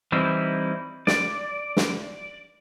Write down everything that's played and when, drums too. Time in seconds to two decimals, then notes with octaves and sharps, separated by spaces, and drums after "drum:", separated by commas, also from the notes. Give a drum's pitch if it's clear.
0.12 E3 G3 C4 D#4 E4
1.07 D5, drum: snare
1.77 drum: snare